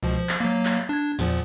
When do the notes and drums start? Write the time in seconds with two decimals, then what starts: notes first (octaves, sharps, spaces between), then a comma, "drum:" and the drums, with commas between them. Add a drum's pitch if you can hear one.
0.03 C#2 B2 F3
0.18 F3
0.29 drum: clap
0.40 F#3 A#3
0.65 drum: clap
0.89 D4 G#6
1.19 E2 A#2 F3, drum: tambourine